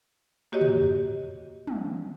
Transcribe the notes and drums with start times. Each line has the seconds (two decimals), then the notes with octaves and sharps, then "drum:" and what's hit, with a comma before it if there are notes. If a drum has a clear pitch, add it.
0.52 A#3 F#4 G4 C#5 D#5
0.61 drum: tom
1.67 drum: tom